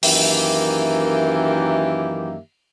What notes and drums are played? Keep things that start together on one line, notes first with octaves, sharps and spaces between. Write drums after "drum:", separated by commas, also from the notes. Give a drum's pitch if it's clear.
F#2 D#3 E3 A#3 G4 E5, drum: open hi-hat